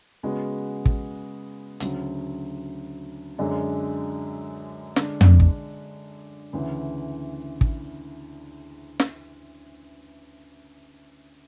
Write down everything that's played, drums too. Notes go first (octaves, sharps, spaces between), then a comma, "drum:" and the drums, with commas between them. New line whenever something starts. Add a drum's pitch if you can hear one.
C#3 G#3 B3 F#4
drum: kick
D2 C#3 F#3, drum: hi-hat
F#2 D3 G#3 D4 G#4
D3 G#3 D4, drum: snare
drum: tom
drum: kick
D2 C#3 E3
drum: kick
drum: snare